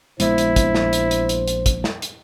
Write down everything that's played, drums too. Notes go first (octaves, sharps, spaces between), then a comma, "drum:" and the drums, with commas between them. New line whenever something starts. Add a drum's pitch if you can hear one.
A#1 G#3 B3 E4 C5, drum: hi-hat
drum: hi-hat
drum: kick, hi-hat
drum: snare
drum: hi-hat
drum: hi-hat
drum: hi-hat
drum: hi-hat
drum: kick, hi-hat
drum: snare
drum: hi-hat